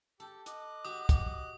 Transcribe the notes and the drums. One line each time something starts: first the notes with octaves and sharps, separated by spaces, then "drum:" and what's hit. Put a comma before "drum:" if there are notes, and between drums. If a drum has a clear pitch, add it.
G4 A4
D#5 D6 F#6, drum: hi-hat
F#4 G4 D#6
drum: kick, hi-hat